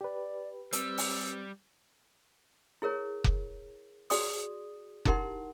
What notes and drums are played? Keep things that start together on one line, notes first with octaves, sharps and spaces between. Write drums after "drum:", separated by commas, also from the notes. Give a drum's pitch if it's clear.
G4 B4 D5
G3 C4 E6, drum: hi-hat
drum: open hi-hat
E4 G#4 A#4 C#5
drum: kick F1
F#4 G#4 D5 C6 D#6, drum: open hi-hat
D#4 E4 G4 A#4 F#5 C6, drum: kick F1